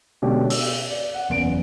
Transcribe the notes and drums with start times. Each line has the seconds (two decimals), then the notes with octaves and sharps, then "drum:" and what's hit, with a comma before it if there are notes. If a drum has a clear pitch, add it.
0.22 B2 D3 G#3 C#4 D4 G4
0.50 E6, drum: open hi-hat
0.89 D5
1.14 F#5
1.29 F#1 E2 D7